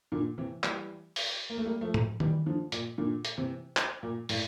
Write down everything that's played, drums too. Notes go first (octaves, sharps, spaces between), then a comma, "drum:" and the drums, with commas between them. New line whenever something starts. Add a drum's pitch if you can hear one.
A#2 D3
C3 E3
E3 G3, drum: clap
drum: open hi-hat
A#3
A3
G3 A#3
F3 A3
drum: tom
E3 G3, drum: tom
D3 F3
A#2, drum: hi-hat
A#2 D3
drum: hi-hat
C3 E3
drum: clap
A#2
A2, drum: open hi-hat